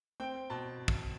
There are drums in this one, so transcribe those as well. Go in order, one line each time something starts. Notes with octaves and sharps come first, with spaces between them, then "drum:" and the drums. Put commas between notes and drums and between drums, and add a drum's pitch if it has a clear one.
C4 G5
B2 A5
drum: kick